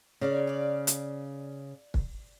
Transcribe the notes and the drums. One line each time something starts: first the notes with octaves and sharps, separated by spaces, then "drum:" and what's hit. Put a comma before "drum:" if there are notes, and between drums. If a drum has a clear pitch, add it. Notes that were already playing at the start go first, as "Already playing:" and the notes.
C#3 A#4 D5 F5
D5 F5
drum: hi-hat
drum: kick